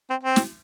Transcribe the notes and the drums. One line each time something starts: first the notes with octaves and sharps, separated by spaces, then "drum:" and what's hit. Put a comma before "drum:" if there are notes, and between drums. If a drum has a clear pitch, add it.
C4
C4
drum: snare